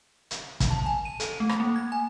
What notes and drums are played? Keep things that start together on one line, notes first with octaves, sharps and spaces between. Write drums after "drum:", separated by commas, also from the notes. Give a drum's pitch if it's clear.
drum: hi-hat
drum: kick, hi-hat
A5
G#5
D#7
A4, drum: hi-hat
A3
drum: rim click
A#3
G#6
G#5